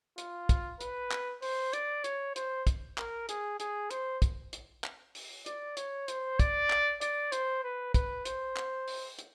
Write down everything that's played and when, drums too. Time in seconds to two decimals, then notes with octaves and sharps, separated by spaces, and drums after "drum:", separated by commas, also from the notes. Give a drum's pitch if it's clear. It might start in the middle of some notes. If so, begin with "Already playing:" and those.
0.18 F4, drum: hi-hat
0.49 drum: kick, hi-hat
0.81 B4, drum: hi-hat
1.11 drum: clap
1.42 C5, drum: open hi-hat
1.73 D5, drum: hi-hat
2.04 C#5, drum: hi-hat
2.36 C5, drum: hi-hat
2.67 drum: kick, hi-hat
2.98 A#4, drum: clap
3.29 G#4, drum: hi-hat
3.60 G#4, drum: hi-hat
3.91 C5, drum: hi-hat
4.22 drum: kick, hi-hat
4.53 drum: hi-hat
4.84 drum: clap
5.15 drum: open hi-hat
5.46 D5, drum: hi-hat
5.77 C#5, drum: hi-hat
6.08 C5, drum: hi-hat
6.40 D5, drum: kick, hi-hat
6.70 drum: clap
7.01 D5, drum: hi-hat
7.32 C5, drum: hi-hat
7.64 B4
7.94 B4, drum: kick, hi-hat
8.25 C5, drum: hi-hat
8.56 drum: clap
8.88 drum: open hi-hat
9.19 drum: hi-hat